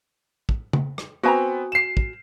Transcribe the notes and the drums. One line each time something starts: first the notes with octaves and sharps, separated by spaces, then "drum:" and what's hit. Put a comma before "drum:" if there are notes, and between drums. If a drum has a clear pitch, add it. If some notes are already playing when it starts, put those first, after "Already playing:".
drum: kick
drum: tom C#3
drum: rim click
B3 C4 F#4 G#5 A#5
C7 E7
drum: kick